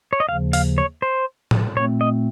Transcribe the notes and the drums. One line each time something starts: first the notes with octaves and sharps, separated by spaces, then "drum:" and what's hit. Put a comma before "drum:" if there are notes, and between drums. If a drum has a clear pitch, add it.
C#5
D#5
D#2 C#3 F3 F5
F5, drum: open hi-hat
C#5
C5
drum: tom
A#2 A3 C4 C#5
D#5